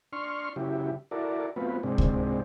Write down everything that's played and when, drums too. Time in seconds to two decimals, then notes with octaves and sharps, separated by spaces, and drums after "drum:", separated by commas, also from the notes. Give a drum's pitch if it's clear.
0.13 D4 C6 C#6 F6
0.56 C#3 F#3 E4 G4
1.11 E4 F#4 A4 A#4 D5
1.56 F#3 A3 B3 C4 F4 B4
1.83 G#2 C3 G#3 C4 D4
1.98 drum: kick C#2